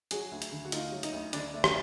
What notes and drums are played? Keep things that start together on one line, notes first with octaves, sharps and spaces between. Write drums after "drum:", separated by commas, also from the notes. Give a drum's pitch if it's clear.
F#3 F#4 G#4, drum: hi-hat
D2
drum: hi-hat
D3
F#4
A3 D#4 F4, drum: hi-hat
F#3
D#4, drum: hi-hat
D2
D3 D4, drum: hi-hat
A3
drum: rim click